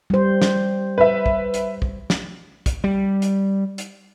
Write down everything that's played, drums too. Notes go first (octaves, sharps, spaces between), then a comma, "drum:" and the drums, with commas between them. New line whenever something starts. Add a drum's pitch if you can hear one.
G3 C5
drum: snare
B4 E5
drum: kick
drum: hi-hat
drum: kick
drum: snare
drum: kick, hi-hat
G3
drum: hi-hat
drum: hi-hat